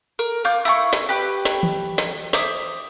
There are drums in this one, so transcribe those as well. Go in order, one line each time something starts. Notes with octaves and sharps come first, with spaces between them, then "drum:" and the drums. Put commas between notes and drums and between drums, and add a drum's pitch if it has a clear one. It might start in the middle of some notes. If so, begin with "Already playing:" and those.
A#4
F4 D6 G6
E4 F4 A#5 C#6
drum: snare
G4 B4
drum: snare
drum: tom D#3
drum: snare
C5 E5 D6 D#6, drum: snare